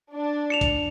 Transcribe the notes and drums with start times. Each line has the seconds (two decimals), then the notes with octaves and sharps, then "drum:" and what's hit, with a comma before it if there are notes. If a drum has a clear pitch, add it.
0.14 D4
0.50 C#7 E7 F7
0.61 drum: kick A#1, hi-hat